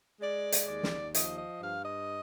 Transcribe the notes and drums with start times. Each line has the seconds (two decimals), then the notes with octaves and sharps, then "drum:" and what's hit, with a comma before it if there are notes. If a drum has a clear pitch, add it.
0.21 G#3 D5
0.52 drum: hi-hat
0.68 D#2 D5
0.83 drum: snare
1.15 F3 D#5, drum: hi-hat
1.38 D#5
1.61 G2 F5
1.83 D#5